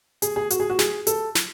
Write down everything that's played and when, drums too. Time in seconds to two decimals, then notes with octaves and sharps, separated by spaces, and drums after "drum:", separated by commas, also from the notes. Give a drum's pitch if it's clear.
0.22 G#4, drum: hi-hat
0.36 G#4
0.50 F#4, drum: hi-hat
0.60 G#4
0.70 F#4
0.79 G#4, drum: snare
1.07 A4, drum: hi-hat
1.35 drum: snare